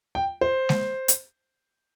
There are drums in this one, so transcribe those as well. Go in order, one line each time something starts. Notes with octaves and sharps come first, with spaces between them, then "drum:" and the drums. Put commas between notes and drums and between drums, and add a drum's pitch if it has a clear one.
G5
C5
drum: snare G#3
drum: hi-hat